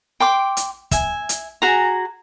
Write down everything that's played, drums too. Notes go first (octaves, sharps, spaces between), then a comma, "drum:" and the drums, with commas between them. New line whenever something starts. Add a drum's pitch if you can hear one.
G5 C6 D6
drum: hi-hat
E5 G#5, drum: kick, hi-hat
drum: hi-hat
F#4 G#4 G#5 A#5